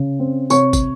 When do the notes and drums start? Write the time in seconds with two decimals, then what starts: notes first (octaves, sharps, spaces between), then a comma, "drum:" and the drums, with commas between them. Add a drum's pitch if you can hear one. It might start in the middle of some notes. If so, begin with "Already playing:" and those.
Already playing: C#3
0.19 C4
0.50 C3 C#5 C#6, drum: tambourine
0.73 drum: kick, tambourine